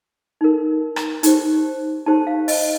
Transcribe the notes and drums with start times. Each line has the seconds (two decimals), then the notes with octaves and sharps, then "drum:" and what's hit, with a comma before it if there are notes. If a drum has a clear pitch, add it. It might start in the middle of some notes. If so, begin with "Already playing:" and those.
0.41 D#4 A#4
0.96 drum: rim click
1.23 D#4 G4 C5, drum: hi-hat
2.06 D#4 G4 C5 A5
2.27 F5
2.48 D#5, drum: open hi-hat